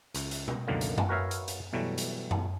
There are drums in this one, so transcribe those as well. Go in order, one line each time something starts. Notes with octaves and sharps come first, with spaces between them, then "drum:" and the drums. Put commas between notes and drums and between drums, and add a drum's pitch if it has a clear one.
C#2, drum: hi-hat
drum: hi-hat
drum: tom B2
C#2 F#2 B2 D3 D#3 A#3
drum: hi-hat
drum: tom F#2
F#4 A#4 B4 C#5 E5 F5
drum: hi-hat
drum: hi-hat
B2 E3 F#3 G3 A3
drum: hi-hat
drum: tom F#2